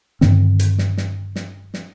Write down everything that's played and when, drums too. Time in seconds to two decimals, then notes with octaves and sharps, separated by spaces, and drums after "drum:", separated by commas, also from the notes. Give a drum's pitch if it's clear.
0.21 G2 D3 D#3 C4, drum: snare
0.59 drum: hi-hat
0.78 drum: snare
0.97 drum: snare
1.36 drum: snare
1.74 drum: snare